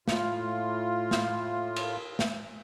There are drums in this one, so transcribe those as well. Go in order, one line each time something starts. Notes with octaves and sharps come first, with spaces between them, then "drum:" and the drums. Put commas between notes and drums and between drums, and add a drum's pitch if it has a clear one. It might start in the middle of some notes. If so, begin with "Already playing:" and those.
A2 F4, drum: snare
drum: snare
drum: cymbal
drum: snare